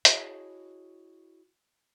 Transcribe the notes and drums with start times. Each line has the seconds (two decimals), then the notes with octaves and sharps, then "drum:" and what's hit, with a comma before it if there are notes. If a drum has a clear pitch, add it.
0.05 E4 F#4 G#4 C#5 D#5 A5, drum: hi-hat